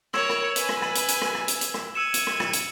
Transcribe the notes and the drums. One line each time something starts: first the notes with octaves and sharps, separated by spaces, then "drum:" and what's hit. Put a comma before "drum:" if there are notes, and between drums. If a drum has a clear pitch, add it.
A#4 C#5 E6 G#6 E7, drum: rim click
drum: rim click
B4 G#5, drum: hi-hat
drum: rim click
drum: rim click
drum: hi-hat
drum: hi-hat
drum: rim click
drum: rim click
drum: hi-hat
drum: hi-hat
drum: rim click
E6 G#6 C#7 D#7 E7
drum: hi-hat
drum: rim click
drum: rim click
drum: hi-hat